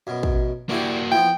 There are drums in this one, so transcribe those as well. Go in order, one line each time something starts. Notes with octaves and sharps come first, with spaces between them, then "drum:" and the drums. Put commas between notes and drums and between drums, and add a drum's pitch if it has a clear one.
F#2 B2
drum: kick
A#3 D4 E4 F#4 G4
E3 F3 B3 G5